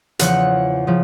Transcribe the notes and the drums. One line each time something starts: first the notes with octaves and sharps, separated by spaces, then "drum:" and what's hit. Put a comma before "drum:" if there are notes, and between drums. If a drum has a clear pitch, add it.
E2 C#3 F3 F#5, drum: hi-hat
C#3 F3